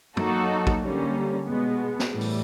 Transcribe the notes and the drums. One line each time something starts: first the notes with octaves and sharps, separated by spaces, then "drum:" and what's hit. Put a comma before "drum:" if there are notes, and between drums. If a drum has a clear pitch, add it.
F#3 A#3 D#4 F#4 A4, drum: tom
drum: kick
D3 G3 A#3 C#4
B2 G#3 B3
drum: snare
A2 E3 G3
drum: open hi-hat